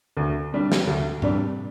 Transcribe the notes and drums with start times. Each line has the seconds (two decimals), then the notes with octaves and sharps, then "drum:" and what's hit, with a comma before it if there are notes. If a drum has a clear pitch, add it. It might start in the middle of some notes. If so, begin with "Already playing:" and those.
0.17 D2
0.53 C3 G3 D4
0.72 drum: snare
0.87 D2
1.22 C3 G3 D4, drum: tom G#2